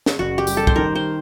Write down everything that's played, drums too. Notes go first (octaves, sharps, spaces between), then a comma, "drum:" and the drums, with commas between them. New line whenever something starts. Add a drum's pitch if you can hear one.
drum: snare
F#1 F#4
G4
G3, drum: tambourine
A4
C5, drum: kick
D#3 A#4
C5